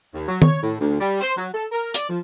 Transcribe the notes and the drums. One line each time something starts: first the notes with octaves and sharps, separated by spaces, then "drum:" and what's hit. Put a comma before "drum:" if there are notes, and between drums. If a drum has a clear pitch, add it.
D#2
F#3
C#5, drum: tom
A2
D2
G3
C5
F#3
A4
A#4
D5, drum: hi-hat
F3